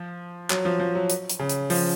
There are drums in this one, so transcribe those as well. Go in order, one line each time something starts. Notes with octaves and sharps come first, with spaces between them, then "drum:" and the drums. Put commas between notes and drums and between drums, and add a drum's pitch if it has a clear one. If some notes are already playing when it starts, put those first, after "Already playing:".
Already playing: F3
F#3, drum: clap
F3
F3
F#3
drum: hi-hat
drum: hi-hat
C#3
drum: hi-hat
F3, drum: open hi-hat